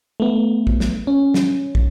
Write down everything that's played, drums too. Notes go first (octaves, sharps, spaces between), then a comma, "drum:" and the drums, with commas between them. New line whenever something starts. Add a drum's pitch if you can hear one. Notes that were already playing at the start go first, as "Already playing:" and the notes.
A3 B3
drum: kick
drum: snare
C#4
drum: snare
drum: kick